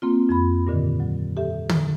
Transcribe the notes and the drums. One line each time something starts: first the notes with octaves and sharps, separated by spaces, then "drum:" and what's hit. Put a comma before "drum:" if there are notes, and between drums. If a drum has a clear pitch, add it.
A#3 C4 F4
F2 F4 B5
G2 A#2 D3 D#3
F#3
G4 A4 E5
drum: tom